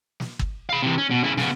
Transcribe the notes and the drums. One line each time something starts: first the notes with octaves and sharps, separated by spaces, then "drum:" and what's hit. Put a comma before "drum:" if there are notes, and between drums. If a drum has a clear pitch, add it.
drum: snare
drum: kick G1
F5 B5
C3 E3
C#4
B2
C#3 E4
C#3 B3, drum: snare